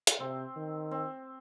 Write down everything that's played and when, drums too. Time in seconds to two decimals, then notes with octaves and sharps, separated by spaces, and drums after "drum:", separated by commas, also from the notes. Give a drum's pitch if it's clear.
0.07 drum: hi-hat
0.20 C3 C4
0.57 D#3
0.91 C4